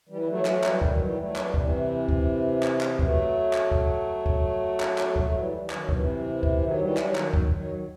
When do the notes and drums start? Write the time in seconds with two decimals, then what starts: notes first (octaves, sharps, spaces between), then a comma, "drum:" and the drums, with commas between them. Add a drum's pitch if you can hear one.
0.09 E3 G3
0.22 G3
0.27 F#3 A3
0.45 F#3 A3, drum: clap
0.64 E3 G3, drum: clap
0.82 D#3 F#3, drum: kick
0.99 E3 G3
1.18 F#3 A3
1.36 E3 G3, drum: clap
1.54 C3 E3, drum: kick
2.09 drum: kick
2.63 drum: clap
2.81 drum: clap
2.99 F#3 A3, drum: kick
3.53 drum: clap
3.71 drum: kick
4.26 drum: kick
4.80 drum: clap
4.98 drum: clap
5.16 F#3 A3, drum: kick
5.34 E3 G3
5.70 D#3 F#3, drum: clap
5.89 C3 E3, drum: kick
6.43 drum: kick
6.61 D#3 F#3
6.79 E3 G3
6.97 D#3 F#3, drum: clap
7.15 D#3 F#3, drum: clap
7.33 drum: kick
7.52 D#3 F#3